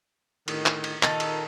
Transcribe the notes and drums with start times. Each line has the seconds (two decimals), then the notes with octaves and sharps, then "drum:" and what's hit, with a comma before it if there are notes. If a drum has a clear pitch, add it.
0.48 A2 D3 D#3, drum: cymbal
0.66 drum: clap
0.84 drum: cymbal
1.03 A#2 D#3 D#4 A4, drum: clap
1.20 drum: cymbal